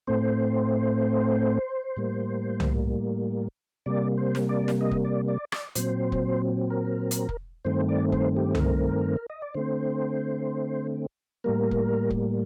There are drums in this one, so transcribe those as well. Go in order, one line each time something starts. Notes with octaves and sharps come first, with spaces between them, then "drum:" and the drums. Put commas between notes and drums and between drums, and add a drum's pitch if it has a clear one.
A2 A3 C4 C5
A2 G3 A#3
drum: tom C2
C3 G3 A#3 D5
C5
drum: snare
D5
drum: snare
D#5
drum: kick
D5
D5
D5, drum: rim click
A#2 F#3 C4 C5, drum: hi-hat
drum: kick
A#4
drum: hi-hat
drum: kick
G2 D#3 A3 C4 C5
D5
C5, drum: kick
G4
A4, drum: tom C2
A#4
D#5
D5
D3 A3 C4 C5
A2 G3 A#3 A#4
drum: kick
drum: kick